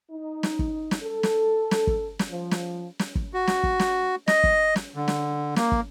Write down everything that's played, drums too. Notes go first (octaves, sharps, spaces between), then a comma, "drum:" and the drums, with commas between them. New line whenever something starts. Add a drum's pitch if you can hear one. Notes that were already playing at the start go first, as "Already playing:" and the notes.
D#4
drum: snare
drum: kick
drum: snare
A4
drum: snare
drum: snare
drum: kick
drum: snare
F3
drum: snare
drum: snare
drum: kick
F#4
drum: snare
drum: kick
drum: snare
D#5, drum: snare
drum: kick
drum: snare
D3
drum: snare
A#3, drum: snare
drum: kick